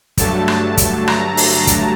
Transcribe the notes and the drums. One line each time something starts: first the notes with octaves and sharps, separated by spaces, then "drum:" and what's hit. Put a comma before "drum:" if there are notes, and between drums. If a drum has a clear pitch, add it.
G2 D3 F#3 A3 A5, drum: kick, hi-hat
A5, drum: rim click
drum: kick, hi-hat
A#5, drum: rim click
drum: open hi-hat
drum: kick, hi-hat